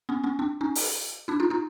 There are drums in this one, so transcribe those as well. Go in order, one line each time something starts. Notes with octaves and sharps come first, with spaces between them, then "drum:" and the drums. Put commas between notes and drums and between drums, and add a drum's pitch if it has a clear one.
B3 C#4
B3 C#4
C4 D4
C#4 D#4
drum: open hi-hat
D4 E4
D#4 F4
D#4 F4